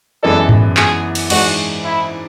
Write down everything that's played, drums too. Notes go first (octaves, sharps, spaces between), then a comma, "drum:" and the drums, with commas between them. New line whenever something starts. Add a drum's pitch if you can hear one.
F#2 E3 G#3 B3 D4 A4
drum: tom G2
G#4, drum: clap
drum: cymbal
G#2 E3 G#3 D4 F#4, drum: cymbal
E4